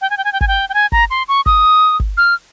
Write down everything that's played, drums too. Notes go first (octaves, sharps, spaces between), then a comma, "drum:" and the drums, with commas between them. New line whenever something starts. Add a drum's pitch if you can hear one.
G5
G#5
G5
G#5
G5
G#5, drum: kick G1
G5
G5
G#5
A#5, drum: kick G1
C6
C#6
D#6, drum: kick G1
drum: kick G1
F6